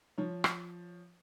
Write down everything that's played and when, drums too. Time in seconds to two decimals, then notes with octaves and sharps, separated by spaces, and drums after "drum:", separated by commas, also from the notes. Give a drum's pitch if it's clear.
0.18 F3 C#5
0.44 drum: rim click